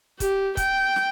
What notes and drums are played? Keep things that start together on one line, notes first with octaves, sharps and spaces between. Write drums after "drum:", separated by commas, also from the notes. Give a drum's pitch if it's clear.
G4, drum: kick, hi-hat
G5, drum: kick, hi-hat
drum: snare